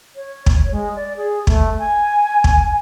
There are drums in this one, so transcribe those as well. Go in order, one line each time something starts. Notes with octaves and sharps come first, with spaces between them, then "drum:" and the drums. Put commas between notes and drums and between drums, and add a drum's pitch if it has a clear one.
C#5
drum: kick
G#3
D5
G#4
A3, drum: kick
G#5
drum: kick